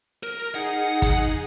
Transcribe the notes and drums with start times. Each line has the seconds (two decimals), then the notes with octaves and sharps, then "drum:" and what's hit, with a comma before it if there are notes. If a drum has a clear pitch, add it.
0.23 A#4
0.55 D#4 G#4 F#5
1.02 drum: kick, hi-hat